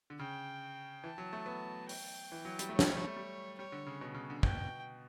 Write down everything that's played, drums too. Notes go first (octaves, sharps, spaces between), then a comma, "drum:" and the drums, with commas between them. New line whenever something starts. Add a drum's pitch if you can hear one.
D3
C#3 G5
E3 A5
F#3
A3
B3
G5, drum: open hi-hat
E3
F#3
G3, drum: hi-hat
A3
C#5
G3, drum: snare
A3
G3
A3
G3
G3 C#5
D3
C#3
B2
C#3
D3
B2 G5, drum: kick